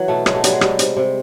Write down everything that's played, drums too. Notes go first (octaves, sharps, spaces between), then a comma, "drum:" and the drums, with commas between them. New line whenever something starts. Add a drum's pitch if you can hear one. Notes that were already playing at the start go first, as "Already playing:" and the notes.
Already playing: E3 F#3
B2 A3
F#3 G#3, drum: rim click
A3
F#3 G3, drum: hi-hat
G#3
G3, drum: rim click
C3, drum: hi-hat
C3